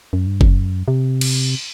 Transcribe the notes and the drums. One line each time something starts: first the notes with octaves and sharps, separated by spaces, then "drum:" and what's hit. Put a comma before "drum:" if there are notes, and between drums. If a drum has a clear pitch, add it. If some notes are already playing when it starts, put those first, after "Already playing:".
F#2
G2
F#2, drum: kick F#1
C3
drum: cymbal